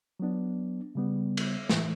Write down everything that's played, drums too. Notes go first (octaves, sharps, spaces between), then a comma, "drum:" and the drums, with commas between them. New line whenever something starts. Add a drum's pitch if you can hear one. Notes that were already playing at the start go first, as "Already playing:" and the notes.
F#3 B3 D4
C#3 G3 B3
drum: cymbal
A2 E3 A3, drum: snare